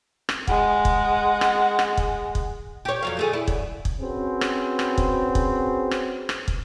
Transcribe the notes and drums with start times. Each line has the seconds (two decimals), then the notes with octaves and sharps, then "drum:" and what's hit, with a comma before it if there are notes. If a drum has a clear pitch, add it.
0.29 drum: rim click
0.47 G#3 F#5, drum: kick
0.85 drum: kick
1.41 drum: rim click
1.79 drum: rim click
1.97 drum: kick
2.35 drum: kick
2.85 G4 C#5
3.03 F2 F#3 F5
3.17 D2 A3 G#4
3.33 E4
3.48 F#2, drum: kick
3.85 drum: kick
4.00 C4 C#4 F#4 G#4 B4
4.41 drum: rim click
4.79 drum: rim click
4.98 drum: kick
5.35 drum: kick
5.91 drum: rim click
6.29 drum: rim click
6.48 drum: kick